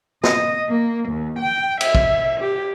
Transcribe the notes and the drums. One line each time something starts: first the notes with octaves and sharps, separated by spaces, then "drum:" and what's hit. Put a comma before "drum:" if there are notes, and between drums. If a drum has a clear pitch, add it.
D#5, drum: snare
A#3
D#2
G5
E5, drum: cymbal
drum: kick
G4